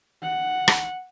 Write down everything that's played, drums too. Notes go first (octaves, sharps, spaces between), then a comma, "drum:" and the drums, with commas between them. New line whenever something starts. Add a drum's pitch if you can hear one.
F#5
drum: rim click